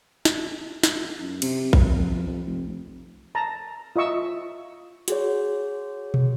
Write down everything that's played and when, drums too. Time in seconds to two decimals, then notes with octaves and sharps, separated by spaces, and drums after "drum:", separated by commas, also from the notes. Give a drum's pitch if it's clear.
0.25 drum: snare
0.83 drum: snare
1.21 F#2
1.42 C3, drum: cymbal
1.73 F2, drum: kick A#1
2.27 F2
2.46 F1
3.35 A5 A#5
3.96 F4 D#5 E5 C#6 E6
5.08 F#4 G#4 C#5, drum: hi-hat
6.14 drum: tom